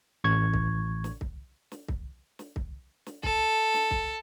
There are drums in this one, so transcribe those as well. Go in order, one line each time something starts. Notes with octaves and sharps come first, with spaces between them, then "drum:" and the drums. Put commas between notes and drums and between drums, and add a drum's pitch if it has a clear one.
A1 C#6 G#6
drum: kick
drum: snare
drum: kick
drum: snare
drum: kick
drum: snare
drum: kick
drum: snare
A4, drum: kick
drum: snare
drum: kick